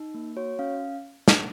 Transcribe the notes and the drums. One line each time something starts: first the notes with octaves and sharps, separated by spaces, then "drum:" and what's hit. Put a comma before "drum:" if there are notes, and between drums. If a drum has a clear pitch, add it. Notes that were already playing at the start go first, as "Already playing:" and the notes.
Already playing: D#4
A#3
F#4 C#5
C#4 F5
drum: snare